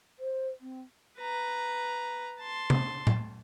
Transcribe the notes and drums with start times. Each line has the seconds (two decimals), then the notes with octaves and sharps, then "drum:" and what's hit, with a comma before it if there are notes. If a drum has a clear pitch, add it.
0.19 C5
0.60 C4
1.18 B4 A#5
2.40 A5 C6
2.70 drum: tom
3.07 drum: tom A2